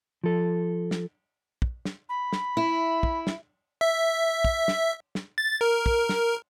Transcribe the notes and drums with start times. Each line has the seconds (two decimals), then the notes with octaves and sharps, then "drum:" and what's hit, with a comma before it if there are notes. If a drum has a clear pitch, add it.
0.24 F3 A4
0.91 drum: snare
1.62 drum: kick
1.85 drum: snare
2.09 B5
2.33 drum: snare
2.57 E4
3.03 drum: kick
3.27 drum: snare
3.81 E5
4.45 drum: kick
4.68 drum: snare
5.15 drum: snare
5.38 A6
5.61 A#4
5.86 drum: kick
6.09 drum: snare